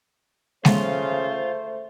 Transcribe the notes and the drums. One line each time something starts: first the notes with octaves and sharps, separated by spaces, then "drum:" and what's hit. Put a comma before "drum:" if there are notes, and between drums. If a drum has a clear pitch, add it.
C#3 A3 F4 C5, drum: snare G#3